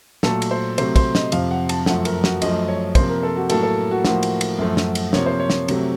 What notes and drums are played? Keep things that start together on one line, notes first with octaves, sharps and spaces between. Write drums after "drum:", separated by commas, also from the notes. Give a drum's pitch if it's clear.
A#2 F#3 A3 A4, drum: snare
drum: cymbal
C5
C3 F#3 A3 C5, drum: cymbal
C5, drum: kick, cymbal
D#5, drum: snare
F2 C3 F3 F5, drum: cymbal
F#5
A5, drum: cymbal
F#2 F3 A3 F#5, drum: snare
A#4, drum: cymbal
F#4, drum: snare
F#2 F3 A3 D#5, drum: cymbal
C#5
C3 F3 A#3 C5, drum: kick, cymbal
A#4
A4
F#4
A2 F#3 A#3 A4, drum: cymbal
A4
F#4
A2 F3 A#3 F#4, drum: snare
drum: cymbal
drum: cymbal
F#2 F3 A3
drum: snare
drum: cymbal
C3 F3 A#3 C#5, drum: snare
C5
C#5
drum: snare
C3 F#3 A3, drum: cymbal